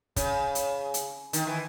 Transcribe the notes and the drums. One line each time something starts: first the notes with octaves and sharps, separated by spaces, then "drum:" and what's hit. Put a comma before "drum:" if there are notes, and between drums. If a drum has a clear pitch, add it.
C#3, drum: kick, hi-hat
drum: hi-hat
drum: hi-hat
D#3, drum: hi-hat
E3